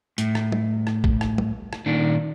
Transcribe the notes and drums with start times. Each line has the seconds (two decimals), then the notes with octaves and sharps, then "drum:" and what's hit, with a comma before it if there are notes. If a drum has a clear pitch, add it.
0.18 A2, drum: hi-hat
0.35 drum: rim click
0.52 drum: tom
0.87 drum: rim click
1.04 drum: kick A1
1.21 drum: rim click
1.38 drum: tom
1.73 drum: rim click
1.86 A#2 D#3 D4